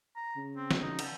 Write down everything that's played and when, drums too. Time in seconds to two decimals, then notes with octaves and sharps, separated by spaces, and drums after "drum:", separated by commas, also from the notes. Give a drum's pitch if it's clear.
0.16 A#5
0.36 C#3
0.56 C4
0.71 drum: snare
0.82 D#4
0.99 drum: cymbal